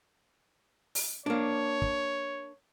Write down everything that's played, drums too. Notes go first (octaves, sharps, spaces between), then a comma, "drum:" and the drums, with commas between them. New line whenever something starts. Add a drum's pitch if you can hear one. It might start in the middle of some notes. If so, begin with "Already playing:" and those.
drum: open hi-hat
A#3 D4 C#5
drum: kick